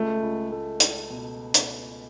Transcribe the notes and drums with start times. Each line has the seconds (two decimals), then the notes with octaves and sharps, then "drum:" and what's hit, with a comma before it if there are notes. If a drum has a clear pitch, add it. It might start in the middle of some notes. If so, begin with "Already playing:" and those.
Already playing: C#2 A3
0.23 C#2
0.52 A3
0.80 A3, drum: hi-hat
1.10 B2
1.54 drum: hi-hat